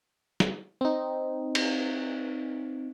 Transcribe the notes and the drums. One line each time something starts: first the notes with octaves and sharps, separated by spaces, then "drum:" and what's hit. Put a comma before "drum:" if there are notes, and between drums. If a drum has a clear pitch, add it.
drum: snare
C4 D#4
drum: cymbal